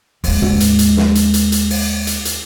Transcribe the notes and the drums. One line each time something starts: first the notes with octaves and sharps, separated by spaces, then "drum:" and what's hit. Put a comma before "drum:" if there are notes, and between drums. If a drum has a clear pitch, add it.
D#2 G#3, drum: open hi-hat
drum: tom
drum: hi-hat
drum: hi-hat
drum: snare
drum: hi-hat
drum: hi-hat
drum: hi-hat
drum: open hi-hat
drum: hi-hat
drum: hi-hat